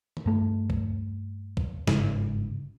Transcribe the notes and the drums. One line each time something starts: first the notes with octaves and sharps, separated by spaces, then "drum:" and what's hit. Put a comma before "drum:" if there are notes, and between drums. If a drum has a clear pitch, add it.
drum: tom
G2 A3
drum: kick
drum: kick
G1 G#2 C#3, drum: snare